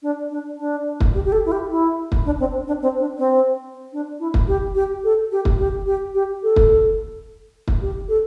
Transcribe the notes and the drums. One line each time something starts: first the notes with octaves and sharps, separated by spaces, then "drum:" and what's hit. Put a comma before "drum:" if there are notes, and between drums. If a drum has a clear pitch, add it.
D4
D4
D4
drum: kick
G4
G4
A4
E4
G4
E4
drum: kick
D4
C4
D4
C4
D4
C4
D4
E4
drum: kick
G4
G4
A4
G4
drum: kick
G4
G4
G4
A4
drum: kick
drum: kick
G4
A4